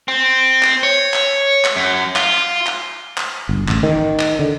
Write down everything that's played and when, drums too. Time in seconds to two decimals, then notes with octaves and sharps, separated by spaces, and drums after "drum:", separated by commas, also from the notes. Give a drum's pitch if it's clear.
0.08 C4
0.63 drum: clap
0.83 C#5
1.14 drum: clap
1.65 drum: clap
1.76 F#2
2.16 F4, drum: clap
2.67 drum: clap
3.18 drum: clap
3.49 G1
3.68 A1, drum: clap
3.83 D#3
4.19 drum: clap
4.39 D3